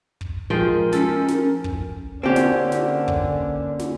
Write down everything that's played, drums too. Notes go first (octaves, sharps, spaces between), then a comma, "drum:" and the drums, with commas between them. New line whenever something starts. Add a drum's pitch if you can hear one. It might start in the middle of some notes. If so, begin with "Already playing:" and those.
drum: kick
F3 G#3 A#4 G5
C#4 A4, drum: snare
drum: snare
drum: kick
D3 A#3 C4 C#4 G4 C#5
drum: snare
drum: snare
drum: kick
drum: snare